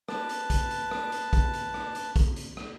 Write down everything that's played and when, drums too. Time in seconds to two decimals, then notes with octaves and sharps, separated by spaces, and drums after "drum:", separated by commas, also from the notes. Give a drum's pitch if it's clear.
0.09 B4 A5, drum: rim click
0.29 drum: hi-hat
0.50 drum: kick, hi-hat
0.71 drum: hi-hat
0.91 drum: rim click
1.12 drum: hi-hat
1.33 drum: kick, hi-hat
1.54 drum: hi-hat
1.74 drum: rim click
1.95 drum: hi-hat
2.16 drum: kick, hi-hat
2.36 drum: hi-hat
2.57 drum: rim click